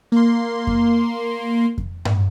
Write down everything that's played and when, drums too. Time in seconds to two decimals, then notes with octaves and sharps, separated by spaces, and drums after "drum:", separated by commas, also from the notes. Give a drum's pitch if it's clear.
0.12 A#3 C6
0.67 drum: kick F2
1.78 drum: kick F2
2.05 drum: tom G2